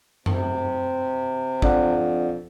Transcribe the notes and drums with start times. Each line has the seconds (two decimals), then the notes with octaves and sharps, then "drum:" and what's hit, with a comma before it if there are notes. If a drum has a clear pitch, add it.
0.26 C3, drum: tom F#2
1.62 F2 D4 D5 F#5, drum: kick G#1